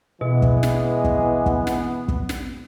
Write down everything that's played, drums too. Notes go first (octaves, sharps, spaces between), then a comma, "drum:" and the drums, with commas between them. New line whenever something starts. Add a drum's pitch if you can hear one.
B2 E3 G#3 B3
drum: kick
drum: snare
drum: kick
drum: kick
drum: snare
drum: kick
drum: snare